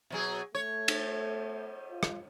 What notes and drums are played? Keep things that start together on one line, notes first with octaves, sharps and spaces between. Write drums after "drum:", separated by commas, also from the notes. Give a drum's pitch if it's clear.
B2 F#3 G#4
A3 C#5
drum: cymbal
F4
drum: rim click